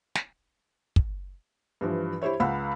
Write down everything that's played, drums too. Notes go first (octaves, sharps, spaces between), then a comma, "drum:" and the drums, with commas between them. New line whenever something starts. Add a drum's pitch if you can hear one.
drum: snare
drum: kick
G2 E3 F3
E4 G4 C5 C#5 E5
C#2 F5 F#5 G#5 B5 E6